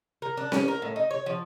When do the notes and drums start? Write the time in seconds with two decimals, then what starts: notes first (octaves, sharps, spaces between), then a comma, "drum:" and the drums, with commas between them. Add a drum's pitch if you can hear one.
0.22 A#4
0.37 D4
0.52 C#4, drum: snare C4
0.68 A#4
0.82 A2
0.96 D#4
1.11 C#5
1.26 F3